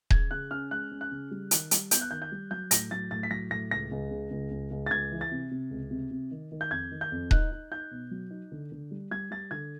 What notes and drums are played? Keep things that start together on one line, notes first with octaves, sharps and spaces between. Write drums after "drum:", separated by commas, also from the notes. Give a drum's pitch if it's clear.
C#3 G#6, drum: kick D#1
C#3 F#6
C#4 F6
G#3 F#6
C#4
F#6
C#3
G3
D#3, drum: hi-hat
G3, drum: hi-hat
B3 G6, drum: hi-hat
F#6
D#3 G6
G6
G3
F#3 G6
A2 A#6, drum: hi-hat
F#3 A6
A2 A6
B6
F#3 A#6
A2 A#6
C#2 A#6
C#2
C#3
C#2
C#2
C#2
A6
C#2 G#6
E3
A6
C3
C3
C#2
C3
C3
D#3
D#3
G6
F2 G#6
D#3
G6
F2
D#4 F#6, drum: kick D#1
D#4
D#4 G6
B2
F#3
D#4
D3
D3
G3
G3 G#6
G3 A6
D3 G#6